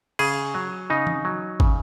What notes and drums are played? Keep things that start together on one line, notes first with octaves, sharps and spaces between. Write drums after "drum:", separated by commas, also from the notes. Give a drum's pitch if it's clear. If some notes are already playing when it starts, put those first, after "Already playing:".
C#3 G#4, drum: cymbal
F#3
C#3 D#4
drum: tom E3
F#3
C#3, drum: kick